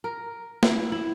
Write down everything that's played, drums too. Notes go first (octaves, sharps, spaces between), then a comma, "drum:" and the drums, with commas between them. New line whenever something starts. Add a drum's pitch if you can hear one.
A#4
E4, drum: snare
E4